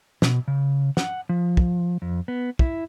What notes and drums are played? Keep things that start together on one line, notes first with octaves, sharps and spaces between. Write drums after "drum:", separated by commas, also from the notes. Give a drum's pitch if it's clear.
B2, drum: snare
C#3
F#5, drum: snare
F3
drum: kick
F2
B3
E4, drum: kick